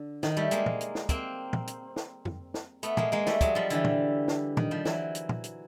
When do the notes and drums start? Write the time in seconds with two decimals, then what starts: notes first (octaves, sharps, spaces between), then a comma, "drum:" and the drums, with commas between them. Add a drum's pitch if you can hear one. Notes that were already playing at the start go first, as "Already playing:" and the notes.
Already playing: D3
0.23 D#3, drum: snare
0.37 G3 A3
0.51 G#3 A#3, drum: hi-hat
0.66 drum: tom
0.81 drum: hi-hat
0.95 drum: snare
1.09 A#3 C4, drum: kick, hi-hat
1.53 drum: tom
1.67 drum: hi-hat
1.96 drum: snare
2.25 drum: tom F2
2.54 drum: snare
2.83 A3 B3, drum: hi-hat
2.97 G#3 A#3, drum: tom
3.12 G#3 A#3
3.27 G3 A3, drum: snare
3.41 F#3 G#3, drum: kick, hi-hat
3.55 F3 G3
3.70 D3 E3, drum: hi-hat
3.84 drum: tom
4.28 drum: snare
4.57 D#3, drum: tom
4.71 F3 G3
4.85 E3 F#3, drum: snare
5.15 drum: hi-hat
5.29 drum: tom
5.44 drum: hi-hat